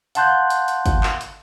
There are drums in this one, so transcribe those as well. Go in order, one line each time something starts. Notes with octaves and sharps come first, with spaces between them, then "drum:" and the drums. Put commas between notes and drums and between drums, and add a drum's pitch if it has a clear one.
F5 F#5 A5 C6 F#6 G6, drum: hi-hat
drum: hi-hat
drum: hi-hat
drum: kick G1, hi-hat
drum: clap
drum: hi-hat